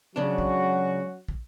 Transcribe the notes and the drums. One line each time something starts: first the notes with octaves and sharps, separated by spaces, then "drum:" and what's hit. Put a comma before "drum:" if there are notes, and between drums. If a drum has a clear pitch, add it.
C#2 C#3 F#3 C#4 D4 F#4
drum: kick
drum: kick